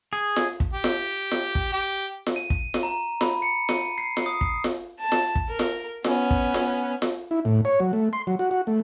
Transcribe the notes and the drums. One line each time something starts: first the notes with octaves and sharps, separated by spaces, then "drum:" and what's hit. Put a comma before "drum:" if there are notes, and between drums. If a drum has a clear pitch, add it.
G#4
drum: snare F4
drum: kick
G4
drum: snare F4
drum: snare F4
drum: kick
G4
drum: snare F4
D#7
drum: kick
drum: snare F4
A#5
B5, drum: snare F4
C#7
D#7, drum: snare F4
C7
drum: snare F4
D#6
C7, drum: kick
drum: snare F4
A5
drum: snare F4
drum: kick
A#4
drum: snare F4
B3 C#4, drum: snare F4
drum: kick
drum: snare F4
drum: snare F4
E4
A2
C#5
F#3
A3
C6
F#3
F#4
F#4
A3